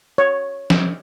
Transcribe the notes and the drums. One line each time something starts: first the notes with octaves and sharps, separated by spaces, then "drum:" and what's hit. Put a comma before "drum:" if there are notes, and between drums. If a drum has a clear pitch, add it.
C#5
drum: snare F3